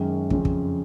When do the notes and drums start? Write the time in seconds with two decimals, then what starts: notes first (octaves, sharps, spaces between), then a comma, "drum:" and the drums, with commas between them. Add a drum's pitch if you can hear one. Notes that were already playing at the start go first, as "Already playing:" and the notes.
Already playing: F#2 D#3 G#3 C#4
0.30 F2 C#3 G#3 C#4, drum: kick
0.45 drum: kick